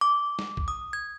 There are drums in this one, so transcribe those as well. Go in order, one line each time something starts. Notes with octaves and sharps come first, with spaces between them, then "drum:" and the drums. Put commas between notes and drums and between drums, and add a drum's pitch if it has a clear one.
D6
drum: snare
drum: kick
D#6
G#6